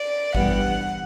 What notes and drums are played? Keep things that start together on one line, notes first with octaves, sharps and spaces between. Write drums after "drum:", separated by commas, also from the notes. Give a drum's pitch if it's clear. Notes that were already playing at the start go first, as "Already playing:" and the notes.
Already playing: D5
G2 E3 G3 B3 F#5, drum: kick G1